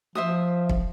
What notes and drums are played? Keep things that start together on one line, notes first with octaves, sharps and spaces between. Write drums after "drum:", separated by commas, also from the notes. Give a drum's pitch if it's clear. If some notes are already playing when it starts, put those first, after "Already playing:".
F3 C5 E5 D#6
drum: kick E1